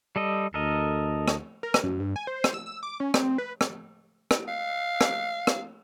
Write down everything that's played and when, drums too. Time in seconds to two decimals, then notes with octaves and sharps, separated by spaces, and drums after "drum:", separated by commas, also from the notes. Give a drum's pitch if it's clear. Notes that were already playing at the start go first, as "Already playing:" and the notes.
0.16 G3 A4 D#5
0.54 D2 A4 A#4 D#5
1.28 drum: rim click
1.63 A#4
1.74 drum: rim click
1.83 F#2
2.00 G2
2.16 G#5
2.27 C5
2.44 drum: rim click
2.54 E6
2.66 E6
2.83 D6
3.00 C#4
3.14 C4, drum: rim click
3.38 B4
3.61 drum: rim click
4.31 drum: rim click
4.48 F5
5.01 drum: rim click
5.47 drum: rim click